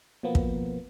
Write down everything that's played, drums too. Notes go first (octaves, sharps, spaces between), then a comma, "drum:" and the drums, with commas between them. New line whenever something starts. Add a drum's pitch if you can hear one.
B2 F3 A#3 B3
drum: kick